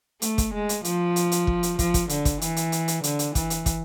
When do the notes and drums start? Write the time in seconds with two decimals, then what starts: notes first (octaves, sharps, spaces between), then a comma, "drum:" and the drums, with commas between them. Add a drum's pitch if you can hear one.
0.22 A3, drum: hi-hat
0.38 drum: kick, hi-hat
0.54 G#3
0.69 drum: hi-hat
0.85 F3, drum: hi-hat
1.16 drum: hi-hat
1.32 drum: hi-hat
1.47 drum: kick
1.63 drum: hi-hat
1.79 F3, drum: kick, hi-hat
1.94 drum: kick, hi-hat
2.09 D3, drum: hi-hat
2.25 drum: kick, hi-hat
2.41 E3, drum: hi-hat
2.56 drum: hi-hat
2.72 drum: hi-hat
2.88 drum: hi-hat
3.04 D3, drum: hi-hat
3.19 drum: hi-hat
3.35 E3, drum: kick, hi-hat
3.50 drum: hi-hat
3.66 drum: kick, hi-hat